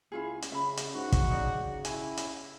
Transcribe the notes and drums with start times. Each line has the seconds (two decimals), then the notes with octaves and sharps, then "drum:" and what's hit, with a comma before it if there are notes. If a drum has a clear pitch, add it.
0.12 C#2 E4 F4 G#4
0.42 drum: hi-hat
0.52 C#3 E5 B5
0.77 drum: hi-hat
0.95 G#2 F#4
1.12 drum: kick, hi-hat
1.31 C#3 D#4 D5
1.85 E4 G#5, drum: hi-hat
2.17 drum: hi-hat